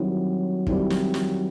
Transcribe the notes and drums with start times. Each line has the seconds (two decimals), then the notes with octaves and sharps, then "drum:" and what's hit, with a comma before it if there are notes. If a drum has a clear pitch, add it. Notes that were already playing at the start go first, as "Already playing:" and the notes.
Already playing: D#3 F#3 G3 C4 E4
0.67 D#3 G3 C4 E4, drum: kick
0.90 drum: snare
1.14 drum: snare